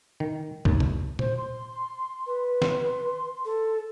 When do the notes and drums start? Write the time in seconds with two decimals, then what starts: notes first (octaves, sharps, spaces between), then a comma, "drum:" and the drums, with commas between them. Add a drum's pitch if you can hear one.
0.20 D#3
0.65 D#2, drum: kick
0.80 drum: tom
1.19 C5, drum: tom
1.37 C6
2.27 B4
2.62 C6, drum: snare
3.45 A4